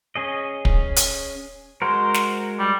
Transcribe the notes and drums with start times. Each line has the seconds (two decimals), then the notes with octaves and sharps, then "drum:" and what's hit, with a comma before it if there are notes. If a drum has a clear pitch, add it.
0.15 C#4 G#4 D#5
0.65 drum: kick
0.96 drum: hi-hat
1.82 G#3 F#4 A#4 C5
2.14 drum: snare
2.59 G3